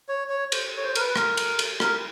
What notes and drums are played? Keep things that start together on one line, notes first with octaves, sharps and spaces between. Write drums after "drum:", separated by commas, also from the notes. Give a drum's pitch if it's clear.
C#5
C#5
C5, drum: cymbal
C#5
C5
A#4, drum: cymbal
B4
A#4, drum: rim click
drum: cymbal
drum: cymbal
A#4, drum: rim click